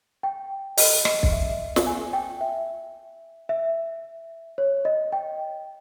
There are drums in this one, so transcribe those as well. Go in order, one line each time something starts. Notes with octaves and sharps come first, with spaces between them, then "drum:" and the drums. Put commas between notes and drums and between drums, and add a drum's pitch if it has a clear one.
G5
D#5, drum: open hi-hat
D#5, drum: rim click
drum: kick
E5
drum: snare
G#5
G5
E5
E5
C#5
D#5
G5